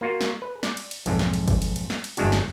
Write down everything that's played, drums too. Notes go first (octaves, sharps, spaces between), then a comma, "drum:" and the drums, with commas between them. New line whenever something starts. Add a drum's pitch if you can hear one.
A#3 F4 F#4
drum: snare
B4
D5, drum: snare
drum: cymbal
drum: cymbal
B1 F2 G#2, drum: cymbal
drum: snare
drum: cymbal
drum: kick G#1, cymbal
drum: cymbal
drum: cymbal
drum: snare
drum: cymbal
G1 E2 G3 G#3 D4 F#4, drum: cymbal
drum: snare